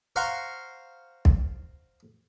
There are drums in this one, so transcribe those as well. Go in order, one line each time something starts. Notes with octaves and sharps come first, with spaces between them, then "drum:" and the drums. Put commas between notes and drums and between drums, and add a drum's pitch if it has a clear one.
C5 F5 F#5 A#5 C6 C#6
drum: kick